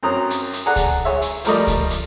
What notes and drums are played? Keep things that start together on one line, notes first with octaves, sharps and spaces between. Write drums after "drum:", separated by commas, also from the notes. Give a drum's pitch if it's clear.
F#2 C4 C#4 A#5 D#6
drum: hi-hat
drum: hi-hat
G#4 A4 D5 F#5 A#5
drum: kick C#2, hi-hat
G#4 C#5 E5
drum: hi-hat
F3 G3 A3 A#4 D5 D#5, drum: hi-hat
drum: kick C#2, hi-hat
drum: hi-hat